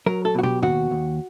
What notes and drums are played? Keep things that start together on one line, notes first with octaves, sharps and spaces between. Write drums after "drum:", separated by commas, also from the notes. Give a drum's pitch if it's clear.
F#3 A#4
A4
B2 F#4
G4, drum: tom
D#2 F#4, drum: tom
D#2